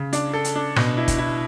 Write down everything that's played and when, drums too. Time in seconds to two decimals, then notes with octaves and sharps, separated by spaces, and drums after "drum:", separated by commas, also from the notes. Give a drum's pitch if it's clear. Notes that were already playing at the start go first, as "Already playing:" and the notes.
Already playing: C#3
0.13 D4, drum: hi-hat
0.34 A4
0.45 drum: hi-hat
0.56 D4
0.76 B2, drum: rim click
0.97 E4
1.08 drum: kick, hi-hat
1.18 E4